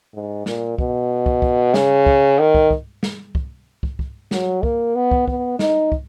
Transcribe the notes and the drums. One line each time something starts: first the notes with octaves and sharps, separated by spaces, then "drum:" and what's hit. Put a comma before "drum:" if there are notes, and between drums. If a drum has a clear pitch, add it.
G#2
A#2, drum: snare
B2, drum: kick
drum: kick
drum: kick
C#3, drum: snare
drum: kick
D#3
drum: kick
drum: kick
drum: snare
drum: kick
drum: kick
drum: kick
F#3, drum: snare
A#3, drum: kick
B3
drum: kick
B3, drum: kick
D#4, drum: snare
drum: kick